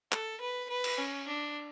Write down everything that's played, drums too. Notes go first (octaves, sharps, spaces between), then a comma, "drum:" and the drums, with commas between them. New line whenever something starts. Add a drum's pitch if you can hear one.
A4, drum: clap
B4
B4
drum: cymbal
C#4
D4